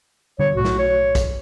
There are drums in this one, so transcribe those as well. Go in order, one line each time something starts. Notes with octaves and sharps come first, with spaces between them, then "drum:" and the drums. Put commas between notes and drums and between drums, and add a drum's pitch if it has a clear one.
D3 G3 C#5
B1 A2 F#4
drum: snare
C#5
drum: kick, hi-hat